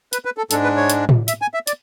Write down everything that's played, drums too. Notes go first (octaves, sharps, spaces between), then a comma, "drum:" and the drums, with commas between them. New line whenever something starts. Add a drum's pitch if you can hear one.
B4, drum: hi-hat
B4
A4
G#2 G#3 D4 A4, drum: hi-hat
B4
C#5
drum: hi-hat
drum: tom A2
E5, drum: hi-hat
G#5
E5
D5, drum: hi-hat